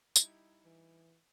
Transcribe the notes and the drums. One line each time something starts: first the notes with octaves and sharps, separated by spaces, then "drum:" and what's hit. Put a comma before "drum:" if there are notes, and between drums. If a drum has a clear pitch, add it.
G3 D#4 E4, drum: tambourine
E3